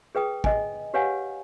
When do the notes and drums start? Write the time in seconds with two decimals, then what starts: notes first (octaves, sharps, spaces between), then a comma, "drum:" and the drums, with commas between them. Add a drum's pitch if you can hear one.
0.15 G#4 B4 G5 D#6
0.44 D#5 G#5, drum: kick
0.94 G4 B4 C#5 F5 F#5 G#5